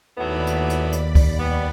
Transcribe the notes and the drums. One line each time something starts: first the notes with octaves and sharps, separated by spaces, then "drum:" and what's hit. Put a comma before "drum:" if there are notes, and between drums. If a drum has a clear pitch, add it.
D#2 A2 F#3 B3 D5 B5
drum: hi-hat
drum: hi-hat
drum: hi-hat
drum: kick C#2, open hi-hat
G3 B3